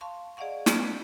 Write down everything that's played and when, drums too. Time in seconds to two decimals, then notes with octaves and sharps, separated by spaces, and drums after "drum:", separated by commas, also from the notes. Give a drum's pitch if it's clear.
0.01 F5 A5 C6 C#6
0.37 G#4 D5 D#5 F5 F#5 C#6
0.66 B3 C#4 A5 F6, drum: snare